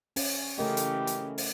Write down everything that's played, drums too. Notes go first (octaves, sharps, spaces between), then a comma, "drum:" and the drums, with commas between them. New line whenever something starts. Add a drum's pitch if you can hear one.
C#4, drum: open hi-hat
C#3 E3 A3 G4 A#4 D#5
drum: hi-hat
drum: hi-hat
drum: open hi-hat